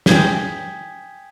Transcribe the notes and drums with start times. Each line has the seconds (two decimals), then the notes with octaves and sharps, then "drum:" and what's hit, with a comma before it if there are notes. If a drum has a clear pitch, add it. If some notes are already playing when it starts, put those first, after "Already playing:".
0.06 G5 G#5 D#6 G6 G#6 B6, drum: snare